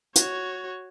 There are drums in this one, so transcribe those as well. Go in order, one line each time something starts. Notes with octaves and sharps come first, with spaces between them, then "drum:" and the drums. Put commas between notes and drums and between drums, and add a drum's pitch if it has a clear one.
F#4 C#5, drum: hi-hat